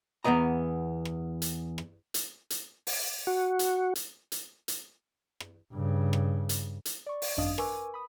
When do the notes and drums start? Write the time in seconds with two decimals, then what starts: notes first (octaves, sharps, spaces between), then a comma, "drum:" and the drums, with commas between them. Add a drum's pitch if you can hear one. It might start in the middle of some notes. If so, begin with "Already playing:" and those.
0.24 E2 G#2 B3 D#5 A#5
1.05 drum: rim click
1.42 drum: hi-hat
1.78 drum: rim click
2.14 drum: hi-hat
2.50 drum: hi-hat
2.87 drum: open hi-hat
3.27 F#4
3.59 drum: hi-hat
3.95 drum: hi-hat
4.32 drum: hi-hat
4.68 drum: hi-hat
5.40 drum: rim click
5.73 G2 C#3
6.13 drum: rim click
6.49 drum: hi-hat
6.85 drum: hi-hat
7.06 D5 C#6
7.22 drum: open hi-hat
7.37 G#1 F#2 D4 D#5 F5 D#6
7.58 A#4 B4 G#5 C#6 D6 E6, drum: rim click
7.94 B5 D#6